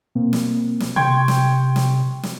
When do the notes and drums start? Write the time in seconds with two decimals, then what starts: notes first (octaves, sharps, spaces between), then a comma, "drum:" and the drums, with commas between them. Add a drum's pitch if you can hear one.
0.15 B2 A#3 C4
0.33 drum: snare
0.80 drum: snare
0.96 C3 G5 C6 C#6 G#6
1.28 drum: snare
1.76 drum: snare
2.23 drum: snare